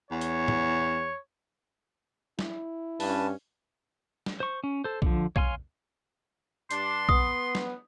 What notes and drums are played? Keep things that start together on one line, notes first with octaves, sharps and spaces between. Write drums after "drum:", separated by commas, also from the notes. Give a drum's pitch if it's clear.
E2 C#5
drum: hi-hat
drum: tom
E4, drum: snare
G2 C#4 B4 A5, drum: open hi-hat
drum: snare
C5 C#6
C#4
A4 C5
D3 F3, drum: kick
C#5 F5 G#5 C6 F6, drum: kick
G2 D4 C6, drum: hi-hat
B3 D#6, drum: kick
drum: snare